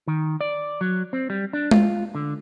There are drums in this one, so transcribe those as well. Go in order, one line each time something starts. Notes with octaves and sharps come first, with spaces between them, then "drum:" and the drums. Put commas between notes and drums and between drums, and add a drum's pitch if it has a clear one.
D#3
D5
F#3
C4
G3
D4
F4, drum: tom G#3
D3